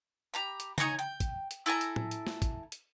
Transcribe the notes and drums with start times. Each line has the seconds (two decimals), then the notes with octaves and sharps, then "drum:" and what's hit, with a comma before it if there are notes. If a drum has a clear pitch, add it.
0.34 G4 A#5 B5
0.60 drum: hi-hat
0.78 D#4 C#5 G#5 A#5, drum: tom C#3
0.99 G5
1.20 drum: kick, hi-hat
1.51 drum: hi-hat
1.66 E4 A4 G#5 A#5
1.81 drum: hi-hat
1.96 drum: tom A2
2.11 drum: hi-hat
2.27 drum: snare
2.42 drum: kick, hi-hat
2.72 drum: hi-hat